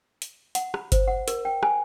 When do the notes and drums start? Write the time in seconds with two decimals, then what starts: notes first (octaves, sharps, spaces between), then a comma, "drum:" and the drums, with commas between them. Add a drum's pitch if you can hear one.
0.22 drum: hi-hat
0.55 F#5, drum: hi-hat
0.74 B5, drum: rim click
0.92 C5, drum: kick G1, hi-hat
1.07 F#5
1.28 A#4, drum: hi-hat
1.45 G5
1.63 G#5, drum: rim click